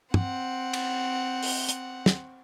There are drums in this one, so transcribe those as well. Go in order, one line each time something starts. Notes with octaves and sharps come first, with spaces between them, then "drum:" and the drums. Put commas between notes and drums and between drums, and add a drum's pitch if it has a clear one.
C4 F#5, drum: tom
drum: cymbal
drum: open hi-hat
drum: hi-hat
drum: snare